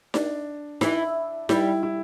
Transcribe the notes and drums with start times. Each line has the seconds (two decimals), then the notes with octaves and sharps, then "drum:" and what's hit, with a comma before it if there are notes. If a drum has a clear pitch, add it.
0.14 D4, drum: snare D#4
0.81 E3, drum: snare D#4
1.49 G3 E4, drum: snare D#4
1.83 E4